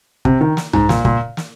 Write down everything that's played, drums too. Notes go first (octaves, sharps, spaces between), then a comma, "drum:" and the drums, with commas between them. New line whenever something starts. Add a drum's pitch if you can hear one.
C3, drum: kick
D#3
drum: snare
G#2, drum: tom B1
A#2, drum: snare
A#2, drum: kick
drum: snare